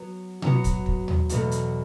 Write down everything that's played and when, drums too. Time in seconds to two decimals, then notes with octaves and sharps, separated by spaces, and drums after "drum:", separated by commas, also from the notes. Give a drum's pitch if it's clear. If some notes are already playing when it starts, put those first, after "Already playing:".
Already playing: F#3 B3 F#4
0.42 F#3 B3 F#4, drum: tom B2
0.64 drum: kick, hi-hat
0.86 drum: kick
1.08 drum: tom D#2
1.29 E2 B2 F#3 A3, drum: hi-hat
1.51 drum: hi-hat